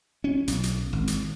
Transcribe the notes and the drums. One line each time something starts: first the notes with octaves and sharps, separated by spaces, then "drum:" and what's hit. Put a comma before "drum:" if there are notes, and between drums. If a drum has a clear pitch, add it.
C#4
B1, drum: hi-hat
drum: hi-hat
G#1
drum: hi-hat